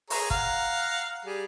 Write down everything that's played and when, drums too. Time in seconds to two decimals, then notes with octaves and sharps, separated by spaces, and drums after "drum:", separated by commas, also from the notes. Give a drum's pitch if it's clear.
0.10 G#4 C#5 A#5, drum: open hi-hat
0.30 F5 F#5 A#5, drum: kick
1.25 G3 G#4